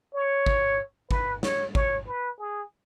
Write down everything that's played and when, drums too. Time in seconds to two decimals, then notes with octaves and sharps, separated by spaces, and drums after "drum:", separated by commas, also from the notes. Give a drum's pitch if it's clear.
0.14 C#5
0.46 drum: kick G#1
1.11 B4, drum: kick G#1
1.43 C#5, drum: snare
1.75 C#5, drum: kick G#1
2.07 B4
2.39 G#4